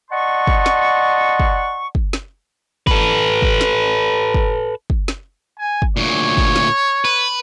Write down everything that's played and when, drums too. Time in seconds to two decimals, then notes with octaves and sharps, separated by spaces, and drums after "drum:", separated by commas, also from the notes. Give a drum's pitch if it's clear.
0.11 D5 D#5 F#5 A5 C6 C#6
0.47 drum: kick
0.66 drum: snare
1.40 drum: kick
1.95 drum: kick
2.13 drum: snare
2.87 A4 B4, drum: kick
3.42 drum: kick
3.61 drum: snare
4.34 drum: kick
4.90 drum: kick
5.08 drum: snare
5.58 G#5
5.82 drum: kick
5.97 D2 A#2 C#5
6.37 drum: kick
6.56 drum: snare
7.05 B4